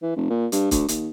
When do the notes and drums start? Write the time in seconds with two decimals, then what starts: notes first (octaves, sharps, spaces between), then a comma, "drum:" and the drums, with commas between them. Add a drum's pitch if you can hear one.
0.02 E3
0.16 F1
0.30 A#2
0.52 G2, drum: hi-hat
0.71 D2, drum: kick C#1, hi-hat
0.88 D#2, drum: hi-hat